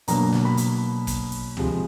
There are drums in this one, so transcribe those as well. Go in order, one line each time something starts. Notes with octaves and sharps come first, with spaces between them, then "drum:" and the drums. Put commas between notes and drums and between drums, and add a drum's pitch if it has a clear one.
B2 F#3 A#3 D4 A#5, drum: hi-hat
drum: snare
B5
drum: hi-hat
drum: kick, hi-hat
drum: open hi-hat
C3 F3 G#3, drum: tom